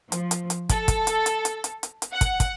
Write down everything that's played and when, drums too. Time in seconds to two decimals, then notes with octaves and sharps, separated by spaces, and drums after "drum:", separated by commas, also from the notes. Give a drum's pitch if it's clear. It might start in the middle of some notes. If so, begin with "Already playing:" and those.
0.12 F3, drum: hi-hat
0.31 drum: hi-hat
0.50 drum: hi-hat
0.69 A4, drum: kick, hi-hat
0.88 drum: kick, hi-hat
1.07 drum: hi-hat
1.26 drum: hi-hat
1.45 drum: hi-hat
1.64 drum: hi-hat
1.83 drum: hi-hat
2.02 drum: hi-hat
2.11 F#5
2.21 drum: kick, hi-hat
2.40 drum: kick, hi-hat